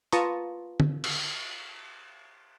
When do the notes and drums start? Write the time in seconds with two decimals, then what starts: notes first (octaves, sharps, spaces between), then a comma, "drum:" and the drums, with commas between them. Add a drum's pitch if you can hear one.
0.12 F4 B4 A5 A#5 C#6 D#6, drum: hi-hat
0.80 drum: tom D3
1.04 drum: cymbal